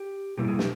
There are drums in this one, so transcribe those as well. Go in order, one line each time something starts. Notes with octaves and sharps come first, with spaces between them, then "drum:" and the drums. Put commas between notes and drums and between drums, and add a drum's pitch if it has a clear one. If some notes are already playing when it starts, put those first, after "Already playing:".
Already playing: G4
B2 G3 A#3 E4 G4
G#4
G4, drum: snare